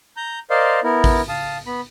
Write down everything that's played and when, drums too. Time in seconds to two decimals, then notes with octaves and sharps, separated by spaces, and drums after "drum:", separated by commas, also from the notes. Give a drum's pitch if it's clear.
0.17 A#5 G6
0.50 A#4 C5 D5 D#5 F5 C6
0.84 B3 E4 A#4
1.04 drum: kick A1, open hi-hat
1.29 F5 A5 D#6
1.67 B3 B5